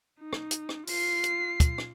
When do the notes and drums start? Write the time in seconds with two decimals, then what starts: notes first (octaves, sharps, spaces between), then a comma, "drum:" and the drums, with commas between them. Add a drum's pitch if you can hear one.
0.19 D#4
0.33 drum: rim click
0.51 drum: hi-hat
0.69 drum: rim click
0.87 F4 C7, drum: open hi-hat
1.24 drum: hi-hat
1.60 drum: kick, hi-hat
1.78 drum: rim click